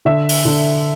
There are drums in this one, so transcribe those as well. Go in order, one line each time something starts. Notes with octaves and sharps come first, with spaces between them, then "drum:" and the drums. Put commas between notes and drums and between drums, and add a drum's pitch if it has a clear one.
D3 E5
drum: open hi-hat
D3